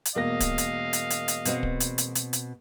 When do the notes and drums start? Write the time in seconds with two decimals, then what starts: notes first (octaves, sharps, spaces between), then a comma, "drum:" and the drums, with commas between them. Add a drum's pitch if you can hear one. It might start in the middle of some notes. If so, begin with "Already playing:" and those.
0.05 drum: hi-hat
0.15 E1 A#3 D#5 F5 A#6
0.40 drum: kick D1, hi-hat
0.58 drum: hi-hat
0.93 drum: hi-hat
1.10 drum: hi-hat
1.28 drum: hi-hat
1.45 B2 C4 F#4, drum: hi-hat
1.63 drum: kick D1
1.80 drum: hi-hat
1.98 drum: hi-hat
2.15 drum: hi-hat
2.33 drum: hi-hat